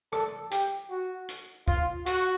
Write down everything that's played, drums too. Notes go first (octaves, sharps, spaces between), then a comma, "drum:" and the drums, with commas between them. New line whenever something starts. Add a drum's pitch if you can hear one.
A4, drum: rim click
G4, drum: hi-hat
F#4
drum: hi-hat
F4, drum: kick
F#4, drum: hi-hat